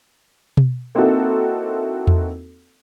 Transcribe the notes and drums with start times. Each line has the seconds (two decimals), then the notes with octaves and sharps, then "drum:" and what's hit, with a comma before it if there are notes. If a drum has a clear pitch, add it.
0.57 drum: tom B2
0.95 A#3 C4 D#4 E4 F#4 A4
2.07 drum: tom E2